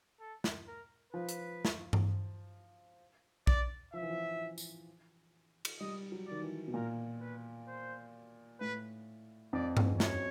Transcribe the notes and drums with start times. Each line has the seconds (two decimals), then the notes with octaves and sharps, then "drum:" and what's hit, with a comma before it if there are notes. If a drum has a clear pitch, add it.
0.20 A4
0.44 drum: snare
0.68 A#4
1.13 F3 B4
1.29 drum: hi-hat
1.65 drum: snare
1.93 drum: tom G2
3.47 D5, drum: kick A#1
3.93 F3 E5
4.02 E3
4.10 F3
4.58 drum: tambourine
5.65 drum: cymbal
5.80 G3 D#5
6.12 F#3
6.27 D#3 D5
6.42 E3
6.68 B2
6.74 A#2 A#4
7.21 B4
7.67 C5
8.61 A2 B4
9.53 F2 D5
9.77 F2, drum: tom G2
9.84 E2
9.92 F2
10.00 F#2 C#5, drum: snare